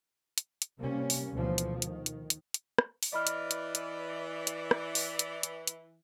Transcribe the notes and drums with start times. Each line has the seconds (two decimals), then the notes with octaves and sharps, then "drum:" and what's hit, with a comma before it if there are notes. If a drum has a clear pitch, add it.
0.38 drum: hi-hat
0.62 drum: hi-hat
0.79 C3 G3 A#3 C#4
1.10 drum: open hi-hat
1.31 D2 B2 E3 F3
1.58 drum: hi-hat
1.82 D#3, drum: hi-hat
2.06 drum: hi-hat
2.30 drum: hi-hat
2.54 drum: hi-hat
2.78 drum: rim click
3.03 drum: open hi-hat
3.13 E3 D5 D#5 B5 F6
3.27 drum: hi-hat
3.51 drum: hi-hat
3.75 drum: hi-hat
4.47 drum: hi-hat
4.71 drum: rim click
4.95 drum: open hi-hat
5.19 drum: hi-hat
5.43 drum: hi-hat
5.67 drum: hi-hat